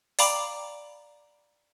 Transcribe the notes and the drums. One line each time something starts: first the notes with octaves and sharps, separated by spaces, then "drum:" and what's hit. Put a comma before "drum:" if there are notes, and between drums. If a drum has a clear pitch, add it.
D5 F5 G5 A#5 B5 D6, drum: open hi-hat